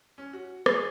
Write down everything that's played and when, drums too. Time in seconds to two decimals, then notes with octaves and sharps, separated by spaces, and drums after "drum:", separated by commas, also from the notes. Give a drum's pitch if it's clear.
0.18 C#4
0.33 F#4
0.66 G#4, drum: rim click